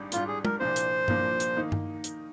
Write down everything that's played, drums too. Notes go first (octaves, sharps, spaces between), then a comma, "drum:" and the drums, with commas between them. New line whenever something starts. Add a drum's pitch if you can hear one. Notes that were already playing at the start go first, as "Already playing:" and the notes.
Already playing: G#1 G#2 G3 D4
G#1 G#2 G3 D4 F4, drum: hi-hat
G#4
A#4, drum: tom G#3
C2 A#2 F3 A#3 D4 C5
drum: hi-hat
C2 A#2 F3 A#3 D4, drum: tom G2
drum: hi-hat
D#3 A#3 D#4
drum: tom G2
drum: hi-hat